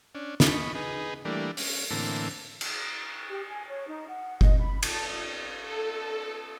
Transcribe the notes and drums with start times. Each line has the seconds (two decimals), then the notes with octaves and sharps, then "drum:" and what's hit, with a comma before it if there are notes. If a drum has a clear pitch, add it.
0.15 C#4 D4
0.40 D#5 B5 C#6, drum: snare
0.75 D#4 G#4 B4
1.25 E3 G3 A3 A#3 D4
1.57 C#4, drum: open hi-hat
1.90 A2 D3 E3 A#3 C4 A5
2.61 drum: cymbal
3.28 G4
3.47 G#5
3.67 C#5
3.87 D#4
4.09 F#5
4.41 D#5, drum: kick F#1
4.59 B5
4.83 A5, drum: cymbal
5.62 A4